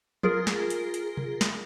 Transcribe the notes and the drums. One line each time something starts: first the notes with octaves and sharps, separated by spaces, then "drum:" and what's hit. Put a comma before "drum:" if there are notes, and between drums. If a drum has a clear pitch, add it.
F4 G#4 A#4, drum: tom F3
drum: snare
drum: hi-hat
drum: hi-hat
drum: tom C3
drum: snare